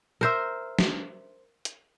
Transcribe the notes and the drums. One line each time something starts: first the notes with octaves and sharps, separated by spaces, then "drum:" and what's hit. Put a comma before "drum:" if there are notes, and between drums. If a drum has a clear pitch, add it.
A#4 C5 E5
drum: snare
drum: hi-hat